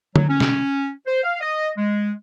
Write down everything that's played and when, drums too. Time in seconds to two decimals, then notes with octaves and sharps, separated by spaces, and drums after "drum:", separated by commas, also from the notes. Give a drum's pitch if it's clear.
0.16 F#3, drum: tom D3
0.29 C#4
0.40 drum: snare
1.06 C5
1.23 F5
1.41 D#5
1.78 G#3